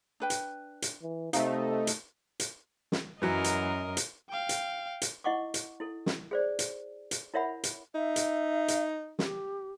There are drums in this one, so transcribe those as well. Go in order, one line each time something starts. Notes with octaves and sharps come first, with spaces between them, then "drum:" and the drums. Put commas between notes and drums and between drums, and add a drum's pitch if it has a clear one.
D4 B4 G5
drum: hi-hat
drum: hi-hat
E3
C3 A3 D#4 F5, drum: hi-hat
drum: hi-hat
drum: hi-hat
drum: snare
F#2 E3 F#3 A#4 D#5
drum: hi-hat
drum: hi-hat
F5 G5
drum: hi-hat
drum: hi-hat
E4 D#5 F#5 C#6 D6
drum: hi-hat
E4 A4
drum: snare
G#4 C5 D5
drum: hi-hat
drum: hi-hat
E4 A#4 C#5 E5 F#5 B5
drum: hi-hat
D#4 E5
drum: hi-hat
drum: hi-hat
G4, drum: snare